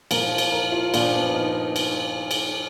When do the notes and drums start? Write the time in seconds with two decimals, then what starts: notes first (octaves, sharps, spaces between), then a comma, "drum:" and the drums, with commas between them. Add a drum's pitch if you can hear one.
0.11 A#2 F3 A#4, drum: cymbal
0.38 drum: cymbal
0.52 A#4
0.72 F4
0.94 A#2 F3 D4, drum: cymbal
1.14 B3
1.34 D#4
1.54 D#4
1.76 drum: cymbal
2.31 drum: cymbal